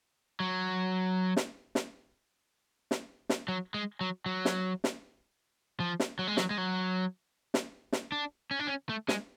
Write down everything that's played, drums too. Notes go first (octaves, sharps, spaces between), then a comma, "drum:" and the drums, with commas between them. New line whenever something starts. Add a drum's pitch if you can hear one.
F#3
drum: snare
drum: snare
drum: snare
drum: snare
F#3
G#3
F#3
F#3
drum: snare
drum: snare
F3
drum: snare
F#3
G#3
F#3, drum: snare
G#3
F#3
drum: snare
drum: snare
D4
C#4
D4
C#4
A3
G#3, drum: snare